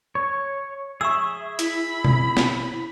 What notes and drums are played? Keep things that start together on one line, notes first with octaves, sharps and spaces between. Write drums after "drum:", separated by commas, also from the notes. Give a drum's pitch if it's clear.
C#5
G#4 E5 C#6 E6
E4 B5, drum: hi-hat
drum: tom B2
drum: snare